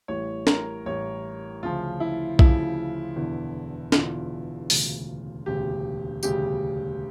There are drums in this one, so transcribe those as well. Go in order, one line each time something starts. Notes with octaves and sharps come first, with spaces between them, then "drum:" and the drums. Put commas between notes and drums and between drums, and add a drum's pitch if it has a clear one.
A1 A2 G3 C#5
A#4, drum: snare
A1 A2 G3 C#5
D2 C#3 F3 F4
E4
D2 C#3 F3 E4, drum: kick B1
E1 E2 D3
E1 E2 D3 F4, drum: snare
E1 D2 C#3, drum: open hi-hat
E1 D2 C#3 G4
E1 D2 C#3 G3 G4, drum: tambourine